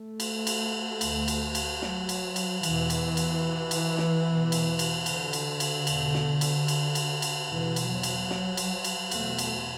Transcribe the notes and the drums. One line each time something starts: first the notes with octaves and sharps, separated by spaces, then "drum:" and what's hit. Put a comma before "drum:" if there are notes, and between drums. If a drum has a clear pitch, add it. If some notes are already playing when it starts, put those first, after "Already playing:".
Already playing: A3
drum: cymbal
drum: cymbal
D2, drum: cymbal
drum: cymbal
drum: cymbal
F#3, drum: snare
drum: cymbal
drum: cymbal
E2 B2 E3, drum: cymbal
drum: cymbal
drum: cymbal
drum: cymbal
drum: snare
E2 B2
drum: cymbal
drum: cymbal
D3, drum: cymbal
drum: cymbal
drum: cymbal
E2 B2, drum: cymbal
drum: snare
drum: cymbal
drum: cymbal
drum: cymbal
drum: cymbal
E2 B2 E3
drum: cymbal
F#3
drum: cymbal
drum: snare
drum: cymbal
drum: cymbal
E2 B2 A3, drum: cymbal
drum: cymbal